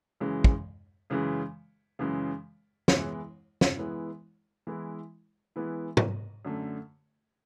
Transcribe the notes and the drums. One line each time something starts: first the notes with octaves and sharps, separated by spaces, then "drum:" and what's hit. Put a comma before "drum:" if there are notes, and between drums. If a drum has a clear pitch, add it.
F#2 C#3 E3 G#3
drum: kick
F#2 C#3 E3 G#3
F#2 C#3 E3 G#3
E3 G#3 B3 E4, drum: snare
drum: snare
E3 G#3 B3 E4
E3 G#3 B3 E4
E3 G#3 B3 E4
drum: tom G#2
F#2 D3 A3